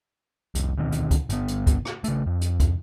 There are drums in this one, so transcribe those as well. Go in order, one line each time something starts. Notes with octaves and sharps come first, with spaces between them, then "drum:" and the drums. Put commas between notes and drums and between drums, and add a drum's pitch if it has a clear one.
F1 C2, drum: hi-hat
D2 B2 D#3 C4
drum: hi-hat
drum: kick, hi-hat
G1 B3, drum: hi-hat
drum: hi-hat
drum: kick, hi-hat
drum: rim click
C#3 A3, drum: hi-hat
F2
drum: hi-hat
drum: kick, hi-hat